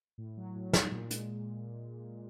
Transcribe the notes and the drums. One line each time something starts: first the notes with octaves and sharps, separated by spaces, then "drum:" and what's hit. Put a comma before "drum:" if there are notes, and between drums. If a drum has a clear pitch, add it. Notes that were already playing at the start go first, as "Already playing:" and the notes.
A2
F#3
A2
F#3, drum: snare
A#2
G#3, drum: hi-hat